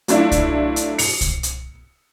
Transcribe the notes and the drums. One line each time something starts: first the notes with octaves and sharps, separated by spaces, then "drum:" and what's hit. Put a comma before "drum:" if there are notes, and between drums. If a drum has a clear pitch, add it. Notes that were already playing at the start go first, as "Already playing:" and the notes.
F#3 A3 D4 E4 F4, drum: hi-hat
drum: kick C2, hi-hat
drum: hi-hat
C#7 F7, drum: open hi-hat
drum: kick C2, hi-hat
drum: hi-hat